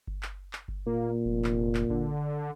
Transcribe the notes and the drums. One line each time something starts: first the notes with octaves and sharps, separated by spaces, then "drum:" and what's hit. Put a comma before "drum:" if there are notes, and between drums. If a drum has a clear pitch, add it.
drum: kick G1
drum: clap
drum: clap
drum: kick G1
A#2 A#3
F1
drum: clap
drum: clap
D3, drum: kick G1